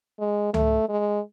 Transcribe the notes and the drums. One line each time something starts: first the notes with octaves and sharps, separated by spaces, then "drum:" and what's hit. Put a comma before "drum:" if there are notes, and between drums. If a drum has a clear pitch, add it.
G#3
A3, drum: tom C#2
G#3